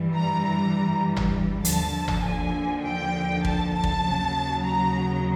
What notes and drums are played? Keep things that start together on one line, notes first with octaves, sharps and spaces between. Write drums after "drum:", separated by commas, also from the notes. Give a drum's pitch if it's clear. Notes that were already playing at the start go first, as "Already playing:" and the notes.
Already playing: G2 E3 G3
A#5
A#5
drum: tom G1
D#2 D3 F3 A5, drum: hi-hat
drum: tom G1
G#5
G5
A5, drum: kick
A5
drum: kick
D#2 C#3 F#3
A#5